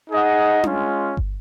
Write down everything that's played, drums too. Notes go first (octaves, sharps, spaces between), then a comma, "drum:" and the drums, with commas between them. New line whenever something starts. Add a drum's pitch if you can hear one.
D#4 G#4 D#5 F#5
G#3 C#4 F4, drum: tom D4
drum: kick G1